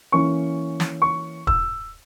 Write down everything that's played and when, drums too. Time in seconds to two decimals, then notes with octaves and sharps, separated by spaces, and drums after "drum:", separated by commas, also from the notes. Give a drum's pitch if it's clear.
0.12 E3 A#3 C#4 C#6
0.80 drum: snare
1.02 C#6
1.47 E6, drum: kick